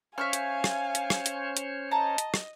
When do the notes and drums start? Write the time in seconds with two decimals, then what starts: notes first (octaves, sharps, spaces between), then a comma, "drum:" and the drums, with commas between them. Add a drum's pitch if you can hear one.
0.18 C#4 C5 C#5 E5 F5 G#5 C#6 F6
0.33 drum: hi-hat
0.64 drum: rim click
0.95 drum: hi-hat
1.10 drum: rim click
1.26 drum: hi-hat
1.57 drum: hi-hat
1.91 D#5 A5 A#5
2.18 drum: hi-hat
2.34 drum: rim click